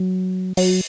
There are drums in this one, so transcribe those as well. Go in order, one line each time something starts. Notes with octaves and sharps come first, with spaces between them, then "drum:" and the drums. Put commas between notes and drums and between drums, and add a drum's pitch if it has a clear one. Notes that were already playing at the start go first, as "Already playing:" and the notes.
Already playing: F#3
F#3, drum: open hi-hat